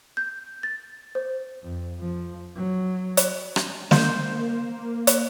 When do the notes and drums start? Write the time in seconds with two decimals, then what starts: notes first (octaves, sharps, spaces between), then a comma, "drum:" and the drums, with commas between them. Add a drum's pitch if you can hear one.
0.17 G6
0.63 A6
1.15 C5
1.63 F2
1.98 F2 F3
2.56 F#3
3.17 drum: hi-hat
3.56 drum: rim click
3.91 A#3 C5, drum: snare
5.07 drum: hi-hat